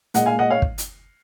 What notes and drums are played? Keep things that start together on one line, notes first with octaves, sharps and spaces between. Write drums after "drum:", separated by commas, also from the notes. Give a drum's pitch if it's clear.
A#2 G#3 D#5 F#5, drum: hi-hat
F5 G#5
D#5 F#5
C#5 F5
drum: kick
drum: hi-hat